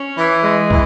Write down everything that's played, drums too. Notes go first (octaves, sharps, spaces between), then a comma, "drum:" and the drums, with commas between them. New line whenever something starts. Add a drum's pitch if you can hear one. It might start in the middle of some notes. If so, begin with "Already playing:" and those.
Already playing: C#4
E3
G#3
E3, drum: kick